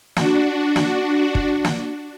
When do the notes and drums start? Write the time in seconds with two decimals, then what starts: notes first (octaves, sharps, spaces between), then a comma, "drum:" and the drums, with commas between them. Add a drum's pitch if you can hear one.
0.16 D4 F#4, drum: snare
0.76 drum: snare
1.35 drum: kick
1.64 drum: snare